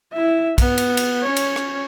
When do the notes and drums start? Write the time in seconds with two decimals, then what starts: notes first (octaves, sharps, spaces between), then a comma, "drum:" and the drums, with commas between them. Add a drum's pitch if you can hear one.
0.13 E4 E5
0.58 B3, drum: kick, cymbal
0.78 drum: cymbal
0.97 drum: cymbal
1.23 C#4 C#5
1.37 drum: cymbal
1.56 drum: rim click